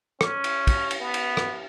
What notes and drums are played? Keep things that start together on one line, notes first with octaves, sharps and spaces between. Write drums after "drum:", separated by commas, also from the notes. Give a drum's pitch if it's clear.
C#4, drum: rim click
drum: cymbal
drum: kick, cymbal
drum: cymbal
B3
drum: cymbal
drum: rim click